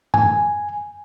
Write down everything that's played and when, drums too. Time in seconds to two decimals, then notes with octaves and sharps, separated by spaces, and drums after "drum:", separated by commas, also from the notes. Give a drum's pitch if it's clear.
0.14 G#5, drum: tom F#2